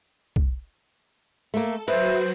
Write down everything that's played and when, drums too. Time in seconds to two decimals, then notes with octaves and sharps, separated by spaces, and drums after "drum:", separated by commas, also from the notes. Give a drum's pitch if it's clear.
0.36 drum: kick B1
1.54 A3 A#3 A4
1.88 F#3 F#4 B4 C5 E5, drum: cymbal